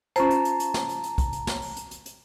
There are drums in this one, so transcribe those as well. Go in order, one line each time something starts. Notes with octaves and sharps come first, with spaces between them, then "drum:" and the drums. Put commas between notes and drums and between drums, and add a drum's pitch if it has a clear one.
C#4 F4 C5 A5 A#5, drum: hi-hat
drum: hi-hat
drum: hi-hat
drum: hi-hat
drum: snare
drum: hi-hat
drum: hi-hat
drum: kick, hi-hat
drum: hi-hat
drum: snare
drum: open hi-hat
drum: hi-hat
drum: hi-hat
drum: hi-hat